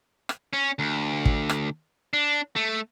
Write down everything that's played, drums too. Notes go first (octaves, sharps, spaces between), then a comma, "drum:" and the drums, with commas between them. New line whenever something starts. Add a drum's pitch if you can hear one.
drum: rim click
C#4
D2
drum: kick
drum: rim click
D4
A3